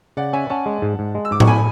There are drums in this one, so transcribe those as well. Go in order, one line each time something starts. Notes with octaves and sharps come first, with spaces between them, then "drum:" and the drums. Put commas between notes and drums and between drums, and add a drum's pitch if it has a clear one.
C#3 D5 F#5
C#4 E5 G#5
C#4 F#5 A5
G#3
G#2
G#2
G#3
E6
G#2 D6
C#6, drum: tom A2
A2 G#5 B5